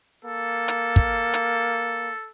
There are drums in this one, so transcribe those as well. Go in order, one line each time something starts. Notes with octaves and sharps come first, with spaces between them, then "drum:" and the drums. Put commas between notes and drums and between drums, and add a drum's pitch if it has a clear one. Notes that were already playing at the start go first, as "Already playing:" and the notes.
A#3 A4
drum: hi-hat
drum: kick
drum: hi-hat